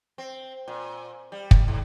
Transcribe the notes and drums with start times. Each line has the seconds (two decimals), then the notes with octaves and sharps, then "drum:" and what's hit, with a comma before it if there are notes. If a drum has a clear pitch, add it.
0.18 C4
0.68 A#2
1.32 G3
1.51 drum: kick
1.68 G#2